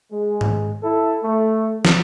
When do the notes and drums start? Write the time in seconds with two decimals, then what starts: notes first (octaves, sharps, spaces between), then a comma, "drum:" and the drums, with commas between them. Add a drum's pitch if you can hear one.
0.12 G#3
0.41 drum: tom G#2
0.83 E4 A4
1.23 A3
1.85 drum: snare